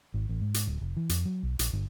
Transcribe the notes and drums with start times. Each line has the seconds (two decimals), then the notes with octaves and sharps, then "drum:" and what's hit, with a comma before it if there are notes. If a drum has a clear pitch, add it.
0.14 G#1
0.29 A1
0.41 G#2
0.54 drum: hi-hat
0.67 D1
0.81 F1
0.97 E3
1.09 F2, drum: hi-hat
1.25 F#3
1.43 B1
1.59 A#1, drum: hi-hat
1.73 G1